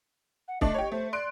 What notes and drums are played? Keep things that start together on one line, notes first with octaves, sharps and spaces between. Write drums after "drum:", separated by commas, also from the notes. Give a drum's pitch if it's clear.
F#5
A3 D4 D#5, drum: kick
G4 C#5
A3 C5
D5 C6 F#6 D7